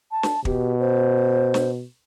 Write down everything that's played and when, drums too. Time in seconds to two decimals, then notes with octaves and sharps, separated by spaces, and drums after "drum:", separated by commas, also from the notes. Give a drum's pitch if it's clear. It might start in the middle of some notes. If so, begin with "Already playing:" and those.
0.12 A5
0.23 drum: snare
0.45 B2 G4, drum: kick
0.80 C5
1.54 drum: snare